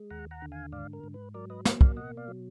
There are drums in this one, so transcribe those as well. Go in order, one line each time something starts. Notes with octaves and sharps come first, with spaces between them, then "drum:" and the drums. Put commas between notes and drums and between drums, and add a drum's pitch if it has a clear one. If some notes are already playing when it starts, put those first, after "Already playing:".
Already playing: G#3
D#2 F#5 A#5
F#5 A#5
D3
F5 G#5
G#2 D5 F5
A#4
G#2
B4
F#3 A#4 D5
B4 D#5
A#3, drum: snare
D5 F5, drum: kick
B2 D#5 F#5
D5 F5
F#3